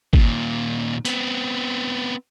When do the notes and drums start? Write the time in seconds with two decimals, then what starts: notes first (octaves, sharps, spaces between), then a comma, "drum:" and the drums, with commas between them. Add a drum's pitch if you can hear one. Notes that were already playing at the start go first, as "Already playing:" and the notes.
0.13 D#2 A#2, drum: kick
1.05 B3 C4, drum: hi-hat